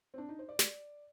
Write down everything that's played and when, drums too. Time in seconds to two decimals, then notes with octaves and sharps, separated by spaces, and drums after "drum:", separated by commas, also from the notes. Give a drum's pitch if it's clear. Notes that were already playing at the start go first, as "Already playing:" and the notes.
0.14 C4
0.18 D4
0.28 D#4
0.39 C5
0.49 D5
0.59 drum: snare